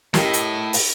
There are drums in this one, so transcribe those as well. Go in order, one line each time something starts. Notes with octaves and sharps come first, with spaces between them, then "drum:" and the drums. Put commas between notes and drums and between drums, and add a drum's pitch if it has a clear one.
A2 E4 G4 A#4 D#5, drum: snare
drum: hi-hat
drum: open hi-hat